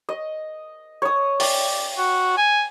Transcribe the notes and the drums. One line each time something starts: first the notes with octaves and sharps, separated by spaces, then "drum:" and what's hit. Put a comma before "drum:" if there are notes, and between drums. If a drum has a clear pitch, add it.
D#5
C#5 D#6
D5 G5 D6, drum: open hi-hat
F#4
G#5